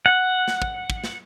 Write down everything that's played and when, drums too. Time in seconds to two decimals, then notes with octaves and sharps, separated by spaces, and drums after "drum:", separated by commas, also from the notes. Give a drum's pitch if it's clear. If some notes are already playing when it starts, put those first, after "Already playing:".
0.06 F#5
0.48 drum: snare
0.62 drum: kick
0.90 drum: kick
1.04 drum: snare